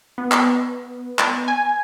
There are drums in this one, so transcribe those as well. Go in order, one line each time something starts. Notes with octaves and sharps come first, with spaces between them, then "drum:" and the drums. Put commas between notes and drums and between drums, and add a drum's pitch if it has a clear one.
B3
drum: clap
drum: clap
G#5